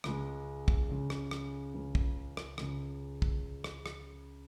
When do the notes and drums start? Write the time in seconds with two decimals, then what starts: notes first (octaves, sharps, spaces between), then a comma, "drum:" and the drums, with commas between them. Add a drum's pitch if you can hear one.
0.04 C#2 C#3 G#3, drum: rim click
0.68 drum: kick
0.89 C#2 C#3 G#3
1.10 drum: rim click
1.31 drum: rim click
1.74 C#2 C#3 G#3
1.95 drum: kick
2.37 drum: rim click
2.58 C#2 C#3 G#3, drum: rim click
3.22 drum: kick
3.64 drum: rim click
3.86 drum: rim click